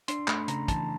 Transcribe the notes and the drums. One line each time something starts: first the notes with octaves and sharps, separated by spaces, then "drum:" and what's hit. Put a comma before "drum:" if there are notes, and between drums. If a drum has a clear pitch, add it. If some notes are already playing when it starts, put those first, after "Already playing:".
D4 C6, drum: hi-hat
A3 B5, drum: clap
C#3 A#5, drum: hi-hat
E3 A5, drum: kick, hi-hat